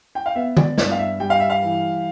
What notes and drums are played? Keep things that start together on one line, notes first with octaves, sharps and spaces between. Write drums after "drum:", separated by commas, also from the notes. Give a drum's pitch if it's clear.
G5
F5
B3 E5
D5, drum: tom
G2 D5, drum: snare
F5
E5
G3 G5
F5
E5
F5
E3